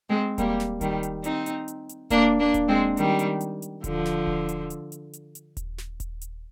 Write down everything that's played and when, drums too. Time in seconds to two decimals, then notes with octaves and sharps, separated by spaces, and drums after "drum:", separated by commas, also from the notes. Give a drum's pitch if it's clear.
0.09 G#3 C4
0.38 G3 A#3, drum: kick D#1, hi-hat
0.60 drum: snare
0.81 D#3 G3, drum: kick D#1, hi-hat
1.03 drum: hi-hat
1.24 C4 D#4, drum: hi-hat
1.46 drum: hi-hat
1.68 drum: hi-hat
1.89 drum: hi-hat
2.10 A#3 D4, drum: kick D#1, hi-hat
2.39 A#3 D4
2.54 drum: kick D#1, hi-hat
2.68 G#3 C4
2.97 D#3 G3, drum: hi-hat
3.19 drum: hi-hat
3.41 drum: hi-hat
3.62 drum: hi-hat
3.84 D3 F3, drum: kick D#1, hi-hat
4.05 drum: snare
4.27 drum: kick D#1
4.49 drum: hi-hat
4.70 drum: hi-hat
4.92 drum: hi-hat
5.13 drum: hi-hat
5.35 drum: hi-hat
5.57 drum: kick D#1, hi-hat
5.78 drum: snare
6.00 drum: kick D#1, hi-hat
6.21 drum: hi-hat